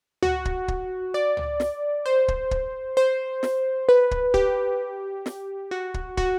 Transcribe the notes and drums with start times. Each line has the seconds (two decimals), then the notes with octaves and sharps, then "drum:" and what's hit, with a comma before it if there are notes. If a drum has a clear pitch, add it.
0.23 F#4, drum: tom
0.45 drum: kick
0.68 drum: kick
1.14 D5
1.37 drum: tom
1.60 drum: snare
2.05 C5
2.28 drum: kick
2.51 drum: kick
2.97 C5
3.43 drum: snare
3.89 B4
4.11 drum: kick
4.34 G4, drum: kick
5.26 drum: snare
5.71 F#4
5.94 drum: kick
6.17 F#4, drum: kick